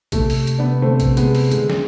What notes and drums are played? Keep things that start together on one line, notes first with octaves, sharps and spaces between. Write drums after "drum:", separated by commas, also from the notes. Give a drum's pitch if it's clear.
C3 A3, drum: kick A#1, hi-hat
drum: open hi-hat
drum: hi-hat
B3 D4
A3 C4
drum: kick A#1, hi-hat
G#3 B3, drum: hi-hat
drum: open hi-hat
D3 G#3, drum: hi-hat
drum: snare